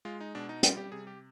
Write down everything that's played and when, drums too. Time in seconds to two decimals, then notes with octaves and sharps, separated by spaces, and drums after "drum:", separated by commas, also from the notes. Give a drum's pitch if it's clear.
0.05 G#3 F4
0.20 D#4
0.35 B2 D4
0.49 D#4
0.63 G3 F4, drum: hi-hat
0.77 G4
0.92 C3 G#4
1.07 G4